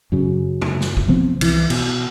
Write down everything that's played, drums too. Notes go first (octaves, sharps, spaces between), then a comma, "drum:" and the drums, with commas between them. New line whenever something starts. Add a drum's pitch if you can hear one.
F#2 C#3 F#3
drum: tom
drum: snare
drum: kick
C3 F3 B3 C4
C2 E3, drum: cymbal
B2, drum: cymbal